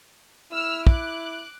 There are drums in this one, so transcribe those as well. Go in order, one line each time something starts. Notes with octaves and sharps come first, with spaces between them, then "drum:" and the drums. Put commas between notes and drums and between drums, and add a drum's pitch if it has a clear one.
E4 E6 F6
D6 F#6, drum: kick